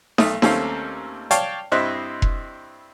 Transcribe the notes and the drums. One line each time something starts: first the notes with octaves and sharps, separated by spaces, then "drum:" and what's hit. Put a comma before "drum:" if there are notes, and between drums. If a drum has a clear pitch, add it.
B1 A3 D#6, drum: snare D#4
D#2 A3 C4 C#4 A4 F5, drum: snare D#4
C#5 D5 F5 G5 A5, drum: hi-hat
G2 C4 E4 D#5 C6 F#6
drum: kick F1